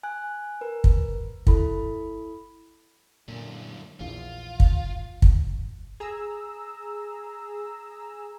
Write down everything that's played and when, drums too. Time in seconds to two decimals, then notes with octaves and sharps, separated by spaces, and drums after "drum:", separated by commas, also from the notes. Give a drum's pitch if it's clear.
0.03 G#5 F#6
0.61 A#4 B4
0.84 drum: kick
1.47 E4 A4 B5, drum: kick
3.28 F#2 A#2 D3
4.00 A#1 E2 F4
4.60 drum: kick
5.22 drum: kick
6.00 G#4 A#5 E6